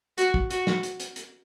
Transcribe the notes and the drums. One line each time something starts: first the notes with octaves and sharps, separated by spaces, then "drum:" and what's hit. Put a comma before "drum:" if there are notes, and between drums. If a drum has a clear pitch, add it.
F#4, drum: hi-hat
drum: kick
F#4, drum: hi-hat
drum: snare
drum: hi-hat
drum: hi-hat
drum: hi-hat